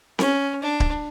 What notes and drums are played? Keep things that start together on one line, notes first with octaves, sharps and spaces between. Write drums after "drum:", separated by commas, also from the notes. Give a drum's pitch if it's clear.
C#4, drum: snare C4
D4
drum: kick D1